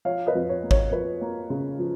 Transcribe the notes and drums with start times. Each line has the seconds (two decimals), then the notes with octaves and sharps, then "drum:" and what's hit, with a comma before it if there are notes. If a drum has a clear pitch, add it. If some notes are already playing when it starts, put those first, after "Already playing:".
0.05 F3 C#5 F5
0.27 B4 D#5
0.35 F2
0.49 C#5
0.63 A#3
0.71 C#5, drum: kick G#1
0.92 F3 B4
1.21 A#3
1.50 C#3
1.79 F3